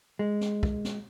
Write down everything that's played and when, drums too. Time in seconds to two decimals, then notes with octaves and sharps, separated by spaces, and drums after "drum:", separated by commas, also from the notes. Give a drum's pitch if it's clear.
0.19 G#3
0.41 drum: snare
0.63 drum: kick
0.85 drum: snare